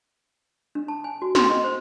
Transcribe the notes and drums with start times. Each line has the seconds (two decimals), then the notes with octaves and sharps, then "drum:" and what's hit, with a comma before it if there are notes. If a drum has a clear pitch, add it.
0.75 D4
0.88 A5
1.04 G#5
1.22 F#4
1.35 C6, drum: snare
1.50 D#5
1.64 C5